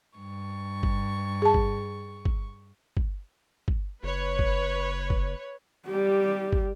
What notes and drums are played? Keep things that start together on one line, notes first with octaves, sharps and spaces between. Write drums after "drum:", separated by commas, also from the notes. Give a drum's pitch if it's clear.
G2 C#6
drum: kick
G#4 A5
drum: kick
drum: kick
drum: kick
drum: kick
F#1 B4 C#5
drum: kick
drum: kick
G3 G4
drum: kick